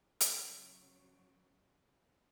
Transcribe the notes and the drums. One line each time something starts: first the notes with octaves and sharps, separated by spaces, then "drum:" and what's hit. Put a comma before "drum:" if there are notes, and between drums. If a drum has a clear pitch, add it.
C#3 F#3, drum: hi-hat